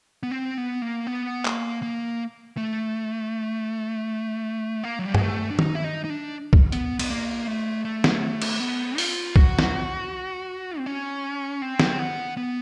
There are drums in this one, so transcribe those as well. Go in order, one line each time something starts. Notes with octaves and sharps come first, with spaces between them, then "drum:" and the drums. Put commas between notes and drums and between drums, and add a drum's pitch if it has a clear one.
B3
C4
B3
A#3
B3
A#3, drum: clap
A#3
A3
A#3
F#3
G3
G#3, drum: tom G2
A3
D4
D#4, drum: tom D#3
E4
D#4
D#4
D4
drum: kick
B3, drum: hi-hat
B3, drum: cymbal
A#3
A3
A3
drum: snare
drum: cymbal
B3
F4, drum: open hi-hat
F#4, drum: kick
drum: snare
C4
C#4
C4
drum: snare
B3
B3